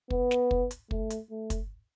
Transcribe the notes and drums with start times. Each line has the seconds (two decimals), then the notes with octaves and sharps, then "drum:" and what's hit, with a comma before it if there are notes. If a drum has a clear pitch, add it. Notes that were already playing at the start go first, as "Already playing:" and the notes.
0.10 B3, drum: kick
0.31 drum: snare
0.51 drum: kick
0.71 drum: hi-hat
0.91 A3, drum: kick
1.10 drum: hi-hat
1.30 A3
1.50 drum: kick, hi-hat